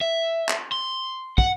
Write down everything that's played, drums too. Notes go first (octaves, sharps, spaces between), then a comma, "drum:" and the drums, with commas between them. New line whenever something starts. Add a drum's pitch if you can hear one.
E5
drum: clap
C6
F#5, drum: kick